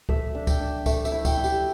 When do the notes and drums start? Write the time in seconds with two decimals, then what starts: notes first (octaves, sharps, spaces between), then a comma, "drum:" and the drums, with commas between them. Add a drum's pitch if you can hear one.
0.09 A3 E5, drum: kick C#2
0.35 D4
0.47 G5, drum: kick C#2, tambourine
0.60 D4
0.86 A3 E5, drum: kick C#2, tambourine
1.05 E5, drum: tambourine
1.12 E4
1.25 G5, drum: kick C#2, tambourine
1.37 E4
1.44 G4, drum: tambourine